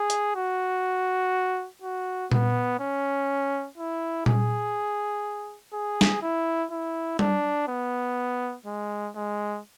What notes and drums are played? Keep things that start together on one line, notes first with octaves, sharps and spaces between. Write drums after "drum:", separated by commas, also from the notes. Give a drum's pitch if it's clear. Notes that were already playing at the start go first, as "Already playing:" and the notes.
Already playing: G#4
drum: hi-hat
F#4
F#4
B3, drum: tom A#2
C#4
E4
G#4, drum: tom A#2
G#4
drum: snare
E4
E4
D4, drum: tom G3
B3
G#3
G#3